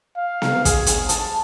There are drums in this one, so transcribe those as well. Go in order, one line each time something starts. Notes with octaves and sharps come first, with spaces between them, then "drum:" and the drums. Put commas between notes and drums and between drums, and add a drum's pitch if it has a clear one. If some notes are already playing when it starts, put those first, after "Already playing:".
F5
drum: snare B3
G#4, drum: kick, hi-hat
drum: hi-hat
A5, drum: hi-hat